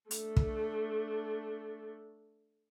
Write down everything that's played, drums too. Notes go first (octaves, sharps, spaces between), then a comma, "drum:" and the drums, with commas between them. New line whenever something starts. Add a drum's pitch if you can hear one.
A3 D4, drum: hi-hat
drum: kick